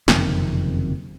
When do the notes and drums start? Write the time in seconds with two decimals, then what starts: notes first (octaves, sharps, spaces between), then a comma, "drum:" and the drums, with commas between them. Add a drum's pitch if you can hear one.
0.08 F#1 F2 C3 D#3, drum: snare